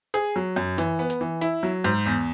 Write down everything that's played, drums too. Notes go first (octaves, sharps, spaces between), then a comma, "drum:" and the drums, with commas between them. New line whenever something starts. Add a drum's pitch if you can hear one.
G#4, drum: hi-hat
F#3
F#2
E3, drum: hi-hat
B3
drum: hi-hat
E3
E4, drum: hi-hat
F#3
G#2
E2